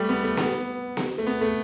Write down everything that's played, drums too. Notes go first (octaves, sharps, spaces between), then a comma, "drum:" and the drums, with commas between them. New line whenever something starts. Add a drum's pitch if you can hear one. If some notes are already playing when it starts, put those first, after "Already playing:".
Already playing: G3 A3
B3
A3
B3, drum: snare B3
drum: snare B3
A3
B3
A3